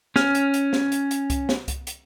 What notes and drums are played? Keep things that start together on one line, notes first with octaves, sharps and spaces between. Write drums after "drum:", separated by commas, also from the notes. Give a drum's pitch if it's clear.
C#4 F6, drum: snare
drum: hi-hat
drum: hi-hat
drum: snare
drum: hi-hat
drum: hi-hat
drum: kick C2, hi-hat
drum: snare
drum: kick C2, hi-hat
drum: hi-hat